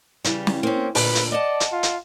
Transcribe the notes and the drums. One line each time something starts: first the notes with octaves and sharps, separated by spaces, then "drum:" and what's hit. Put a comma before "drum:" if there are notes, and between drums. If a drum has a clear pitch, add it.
C#3 E3 G3, drum: hi-hat
drum: snare
A#3 C4 C#4
D2 A#2 D3 B4, drum: open hi-hat
drum: hi-hat
D5 D#5 F#5 A5
drum: hi-hat
F4
drum: hi-hat